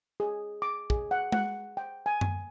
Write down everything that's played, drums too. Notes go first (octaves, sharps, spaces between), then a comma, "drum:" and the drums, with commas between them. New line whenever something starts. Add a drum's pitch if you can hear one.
G#4
D6
G#4, drum: kick
F#5
F#5, drum: tom G#3
G5
G#5
drum: tom F#2